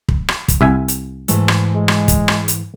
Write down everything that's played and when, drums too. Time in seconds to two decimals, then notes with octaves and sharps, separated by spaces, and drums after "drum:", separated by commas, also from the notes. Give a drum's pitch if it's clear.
0.09 drum: kick
0.28 drum: rim click
0.48 drum: kick, hi-hat
0.61 C2 E5 G#5
0.88 drum: hi-hat
1.28 G#2 E3 A3, drum: hi-hat
1.48 drum: rim click
1.75 G#3
1.88 drum: rim click
2.08 drum: kick, hi-hat
2.28 drum: rim click
2.48 drum: hi-hat